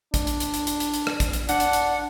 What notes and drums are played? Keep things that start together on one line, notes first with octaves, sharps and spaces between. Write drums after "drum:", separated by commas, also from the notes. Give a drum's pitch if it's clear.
D4, drum: kick, hi-hat
drum: hi-hat
drum: hi-hat
drum: hi-hat
drum: hi-hat
drum: hi-hat
drum: hi-hat
drum: rim click
drum: kick, hi-hat
drum: hi-hat
D4 F#5, drum: hi-hat
drum: hi-hat
drum: hi-hat